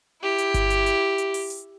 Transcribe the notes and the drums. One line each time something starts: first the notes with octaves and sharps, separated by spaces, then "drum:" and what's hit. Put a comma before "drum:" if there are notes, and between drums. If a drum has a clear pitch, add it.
E4 G4
drum: hi-hat
drum: kick G1, hi-hat
drum: hi-hat
drum: hi-hat
drum: hi-hat
drum: open hi-hat
drum: hi-hat